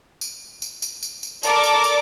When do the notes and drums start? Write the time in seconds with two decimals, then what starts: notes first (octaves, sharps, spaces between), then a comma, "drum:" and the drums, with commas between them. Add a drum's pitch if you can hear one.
0.21 drum: tambourine
0.62 drum: tambourine
0.82 drum: tambourine
1.03 drum: tambourine
1.23 drum: tambourine
1.43 A4 A#4 D5 A#5 D6, drum: tambourine
1.64 drum: tambourine
1.84 drum: tambourine